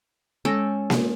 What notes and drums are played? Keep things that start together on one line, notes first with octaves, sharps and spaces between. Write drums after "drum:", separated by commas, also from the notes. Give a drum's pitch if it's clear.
G#3 C#4 A4 G5 A#6
drum: snare A#3